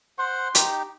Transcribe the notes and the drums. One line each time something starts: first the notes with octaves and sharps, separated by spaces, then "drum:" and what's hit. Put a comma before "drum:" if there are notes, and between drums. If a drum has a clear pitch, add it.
C5 F#5 C6
D#4 G4, drum: hi-hat